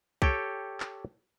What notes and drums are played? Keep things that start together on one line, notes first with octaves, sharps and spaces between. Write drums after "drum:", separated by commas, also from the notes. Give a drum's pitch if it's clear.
G4 A4 C#5 G5, drum: kick
drum: clap